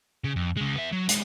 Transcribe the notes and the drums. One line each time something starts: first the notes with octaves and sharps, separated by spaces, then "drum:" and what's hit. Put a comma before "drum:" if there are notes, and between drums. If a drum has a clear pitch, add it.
C#3
F2
C#3 G#3
B3 E5
F#3
G3 G#3, drum: hi-hat